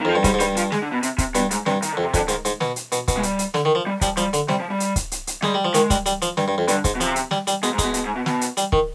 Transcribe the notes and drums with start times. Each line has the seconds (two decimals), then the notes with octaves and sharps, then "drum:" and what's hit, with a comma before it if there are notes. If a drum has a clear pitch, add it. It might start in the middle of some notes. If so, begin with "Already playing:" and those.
0.01 D#3
0.05 F2 F3
0.15 G2
0.24 G#2 G3, drum: kick, hi-hat
0.34 G#2
0.40 G2 G3, drum: hi-hat
0.57 F3, drum: hi-hat
0.72 G#3, drum: snare
0.82 D3
0.92 B2
1.03 C3, drum: hi-hat
1.18 C3, drum: kick, hi-hat
1.35 G2 B2, drum: hi-hat
1.51 G#2, drum: hi-hat
1.66 G2 C3, drum: snare
1.82 D#3, drum: hi-hat
1.92 F2 D3
2.04 C3
2.14 F2 D3, drum: kick, hi-hat
2.28 G#2 D#3, drum: hi-hat
2.45 G#2, drum: hi-hat
2.61 B2, drum: snare
2.76 drum: hi-hat
2.92 B2, drum: hi-hat
3.08 B2, drum: kick, hi-hat
3.17 G#3
3.23 G3, drum: hi-hat
3.39 drum: hi-hat
3.54 D3, drum: snare
3.65 D#3
3.75 F3
3.87 G3
4.01 F3 G3, drum: kick, hi-hat
4.17 F3 G3, drum: hi-hat
4.33 D3, drum: hi-hat
4.49 C3 G3, drum: snare
4.60 F3
4.70 G3
4.80 drum: hi-hat
4.96 drum: kick, hi-hat
5.12 drum: hi-hat
5.27 drum: hi-hat
5.42 G3 G#3, drum: snare
5.54 G3
5.65 F3
5.74 D#3 G#3, drum: hi-hat
5.90 G3, drum: kick, hi-hat
6.06 G3, drum: hi-hat
6.22 F3, drum: hi-hat
6.37 G2, drum: snare
6.48 G2
6.58 F2
6.68 G2 D3, drum: hi-hat
6.84 G#2, drum: kick, hi-hat
6.95 B2
7.00 C3 F3, drum: hi-hat
7.16 drum: hi-hat
7.31 G3, drum: snare
7.47 G3, drum: hi-hat
7.63 B2 G#3, drum: hi-hat
7.73 G#2
7.78 B2 G#3, drum: kick, hi-hat
7.94 B2, drum: hi-hat
8.05 G#2
8.16 B2
8.26 B2, drum: snare
8.41 drum: hi-hat
8.57 G3, drum: hi-hat
8.72 D#3, drum: kick